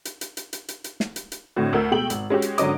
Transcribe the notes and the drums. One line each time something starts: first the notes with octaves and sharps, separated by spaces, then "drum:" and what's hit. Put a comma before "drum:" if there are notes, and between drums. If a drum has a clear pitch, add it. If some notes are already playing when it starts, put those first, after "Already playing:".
drum: hi-hat
drum: hi-hat
drum: hi-hat
drum: hi-hat
drum: hi-hat
drum: hi-hat
drum: snare
drum: hi-hat
drum: hi-hat
A2 D3 C4 F#4
D2 A#4 E6
B2 G#3 A3 G5 F#7
G#1, drum: hi-hat
G#3 C#4 F#4 G4
drum: hi-hat
G#1 D3 F#3 C#4 D#5 D6, drum: hi-hat